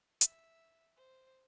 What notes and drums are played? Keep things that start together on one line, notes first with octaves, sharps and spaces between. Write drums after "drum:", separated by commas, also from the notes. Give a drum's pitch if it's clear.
E5, drum: hi-hat
C5